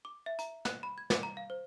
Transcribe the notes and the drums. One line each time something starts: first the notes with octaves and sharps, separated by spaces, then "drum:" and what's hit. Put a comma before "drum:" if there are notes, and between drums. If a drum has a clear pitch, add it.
D6
E5
A#5, drum: hi-hat
F#6, drum: snare
B5
G#6
D6, drum: snare
A#5
F5
C5